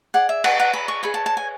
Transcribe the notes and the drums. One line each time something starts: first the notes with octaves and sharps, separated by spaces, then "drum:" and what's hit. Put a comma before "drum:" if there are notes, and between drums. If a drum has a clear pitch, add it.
G#4 D5 F#5
E5
F#5, drum: cymbal
F#5
B5
C#6
G#4 C#5 B5
A5
A5
G#5